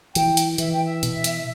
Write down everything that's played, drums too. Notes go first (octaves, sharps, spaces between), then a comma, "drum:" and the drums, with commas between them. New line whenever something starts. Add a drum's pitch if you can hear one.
E3 G5, drum: hi-hat
drum: hi-hat
E3 E5, drum: hi-hat
G5
E5
B2, drum: hi-hat
drum: hi-hat